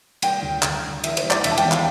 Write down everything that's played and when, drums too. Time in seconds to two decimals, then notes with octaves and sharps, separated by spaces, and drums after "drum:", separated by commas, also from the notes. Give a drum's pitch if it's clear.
0.22 G3 G5, drum: cymbal
0.42 D2
0.62 D2, drum: clap
0.83 D3
1.04 E3 E5, drum: cymbal
1.17 C5, drum: cymbal
1.24 G3
1.31 D5, drum: clap
1.44 E1 E5, drum: cymbal
1.51 A5
1.57 G5, drum: cymbal
1.65 E2
1.72 F5, drum: clap